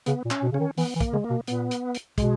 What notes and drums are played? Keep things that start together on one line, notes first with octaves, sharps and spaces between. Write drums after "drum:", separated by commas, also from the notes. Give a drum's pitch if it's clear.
C#3 B3, drum: hi-hat
A#2
C#4, drum: clap
B2
C#3 C#4
D#3
E3 B3, drum: open hi-hat
E3
A#3, drum: kick, hi-hat
C#3 G#3
A#3
B2
A#2 B3, drum: hi-hat
drum: hi-hat
drum: hi-hat
B2 G#3, drum: kick, hi-hat